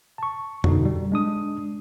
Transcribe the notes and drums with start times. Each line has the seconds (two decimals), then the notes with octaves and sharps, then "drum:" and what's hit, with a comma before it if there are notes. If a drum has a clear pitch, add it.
0.18 A5 C#6
0.64 B2 D3 D#4, drum: tom F2
0.85 G3
1.12 G#3 D4 D#6